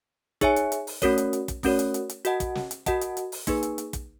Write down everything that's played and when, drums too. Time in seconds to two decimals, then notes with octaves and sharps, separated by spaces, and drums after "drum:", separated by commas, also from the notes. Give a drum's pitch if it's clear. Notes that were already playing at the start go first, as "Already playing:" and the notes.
0.41 D#4 G#4 C#5 E5 G#5, drum: kick, hi-hat
0.56 drum: hi-hat
0.72 drum: hi-hat
0.87 drum: open hi-hat
1.02 A3 C#4 F#4 A#4 C#5, drum: kick, hi-hat
1.18 drum: hi-hat
1.33 drum: hi-hat
1.48 drum: kick, hi-hat
1.63 A3 C#4 F#4 A#4 C#5, drum: kick, open hi-hat
1.79 drum: hi-hat
1.94 drum: hi-hat
2.09 drum: hi-hat
2.25 F#4 A#4 D#5 F#5 A5, drum: hi-hat
2.40 drum: kick, hi-hat
2.55 drum: snare
2.71 drum: hi-hat
2.86 F#4 A#4 D#5 F#5 A5, drum: kick, hi-hat
3.01 drum: hi-hat
3.17 drum: hi-hat
3.32 drum: open hi-hat
3.47 A#3 D#4 G#4 B4, drum: kick, hi-hat
3.63 drum: hi-hat
3.78 drum: hi-hat
3.93 drum: kick, hi-hat